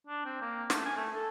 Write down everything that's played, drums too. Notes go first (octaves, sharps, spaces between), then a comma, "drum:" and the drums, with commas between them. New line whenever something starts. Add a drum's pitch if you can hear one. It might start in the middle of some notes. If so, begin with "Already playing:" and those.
D4
C4
A#3
A3, drum: snare
G#5
A3
A4